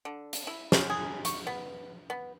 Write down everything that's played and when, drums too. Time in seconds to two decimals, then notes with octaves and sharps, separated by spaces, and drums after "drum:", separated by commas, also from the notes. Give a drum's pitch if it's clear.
0.05 D3
0.33 drum: hi-hat
0.47 E4
0.72 C#4, drum: snare
0.90 G#4
1.25 C#6, drum: hi-hat
1.47 B3
2.10 B3